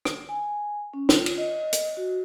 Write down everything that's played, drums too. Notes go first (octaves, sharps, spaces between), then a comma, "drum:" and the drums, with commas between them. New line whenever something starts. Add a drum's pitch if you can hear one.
drum: rim click
G#5
C#4
F4, drum: snare
drum: cymbal
D#5
drum: hi-hat
F#4